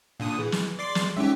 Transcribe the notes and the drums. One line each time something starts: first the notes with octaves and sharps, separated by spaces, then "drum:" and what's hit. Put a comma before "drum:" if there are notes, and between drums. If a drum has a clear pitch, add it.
A#2 D3 D#6
E3 G#4
drum: snare
D5 C6 D6
drum: snare
G#3 C#4 D#4 G4 E5